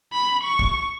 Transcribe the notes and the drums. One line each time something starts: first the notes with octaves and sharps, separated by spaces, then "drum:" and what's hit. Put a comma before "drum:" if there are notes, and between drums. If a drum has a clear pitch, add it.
B5
C#6
drum: kick